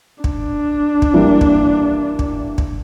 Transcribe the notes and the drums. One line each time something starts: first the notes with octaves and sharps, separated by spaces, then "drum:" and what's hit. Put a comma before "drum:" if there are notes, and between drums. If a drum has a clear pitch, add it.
D4, drum: kick
drum: kick
E3 G3 A#3
drum: kick
drum: kick
drum: kick